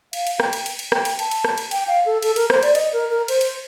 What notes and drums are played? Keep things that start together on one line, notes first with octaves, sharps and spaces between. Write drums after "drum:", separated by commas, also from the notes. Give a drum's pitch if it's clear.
F5, drum: cymbal
drum: cymbal
G5, drum: rim click
drum: cymbal
drum: cymbal
drum: cymbal
G5, drum: rim click
drum: cymbal
A5, drum: cymbal
drum: cymbal
drum: rim click
drum: cymbal
G5, drum: cymbal
F5
A4
A4, drum: cymbal
A#4, drum: cymbal
C5, drum: rim click
D5, drum: cymbal
D#5, drum: cymbal
A#4
A#4
C5, drum: cymbal
drum: cymbal